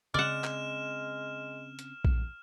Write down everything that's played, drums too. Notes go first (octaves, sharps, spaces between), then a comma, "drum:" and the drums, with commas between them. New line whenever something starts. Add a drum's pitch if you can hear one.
C#3 G#3 C4 D5 F#5 F6 E7
drum: clap
drum: hi-hat
drum: kick A#1